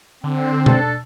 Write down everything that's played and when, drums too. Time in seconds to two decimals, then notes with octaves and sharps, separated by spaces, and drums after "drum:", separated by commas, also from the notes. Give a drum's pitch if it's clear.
0.24 D3 C4
0.66 D4 A4, drum: tom B2